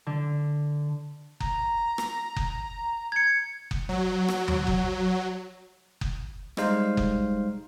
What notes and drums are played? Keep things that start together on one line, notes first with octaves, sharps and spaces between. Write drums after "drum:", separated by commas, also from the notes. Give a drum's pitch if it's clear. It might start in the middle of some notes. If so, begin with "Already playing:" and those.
D3
A#5, drum: kick F#1
drum: rim click
drum: kick F#1
G#6 C#7
drum: kick F#1
F#3
drum: rim click
drum: tom D#2
drum: kick F#1
drum: kick F#1
G3 G#3 D#4 C5 F5, drum: rim click
drum: kick F#1